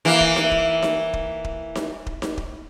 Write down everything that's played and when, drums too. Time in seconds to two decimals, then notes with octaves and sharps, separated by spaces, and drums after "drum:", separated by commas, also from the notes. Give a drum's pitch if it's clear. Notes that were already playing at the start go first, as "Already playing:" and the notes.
0.05 E3 A#3
0.20 drum: kick D#1
0.36 drum: snare D#4
0.51 drum: kick D#1
0.82 drum: snare D#4
1.13 drum: kick D#1
1.44 drum: kick D#1
1.75 drum: snare D#4
2.06 drum: kick D#1
2.22 drum: snare D#4
2.37 drum: kick D#1